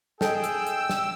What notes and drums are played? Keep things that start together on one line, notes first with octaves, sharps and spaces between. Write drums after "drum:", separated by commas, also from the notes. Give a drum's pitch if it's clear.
G#4 A4 D#5 G5 E6, drum: snare
drum: hi-hat
drum: hi-hat
drum: snare